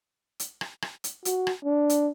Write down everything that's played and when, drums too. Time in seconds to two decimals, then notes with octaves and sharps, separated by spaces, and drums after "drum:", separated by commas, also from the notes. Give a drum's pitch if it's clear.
0.40 drum: hi-hat
0.61 drum: rim click
0.82 drum: rim click
1.04 drum: hi-hat
1.25 F#4, drum: hi-hat
1.47 drum: rim click
1.65 D4
1.90 drum: hi-hat